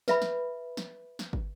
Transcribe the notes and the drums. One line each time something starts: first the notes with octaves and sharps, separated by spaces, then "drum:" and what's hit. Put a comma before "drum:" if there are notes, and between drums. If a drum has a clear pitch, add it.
B4 E5 B5, drum: snare
drum: snare
drum: snare
drum: snare
drum: kick